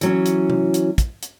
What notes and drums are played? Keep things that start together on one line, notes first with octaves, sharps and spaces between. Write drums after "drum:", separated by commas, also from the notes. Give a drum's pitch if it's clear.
E3 F#3 C#4, drum: hi-hat
drum: hi-hat
drum: tom
drum: hi-hat
drum: kick, hi-hat
drum: hi-hat